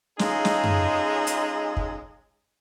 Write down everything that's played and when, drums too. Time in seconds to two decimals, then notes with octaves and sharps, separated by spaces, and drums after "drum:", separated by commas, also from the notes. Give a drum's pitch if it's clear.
0.19 G#3 C#4 D#4 F4 G#4 A4, drum: snare
0.45 drum: snare
0.64 drum: tom F#2
1.27 drum: hi-hat
1.77 drum: kick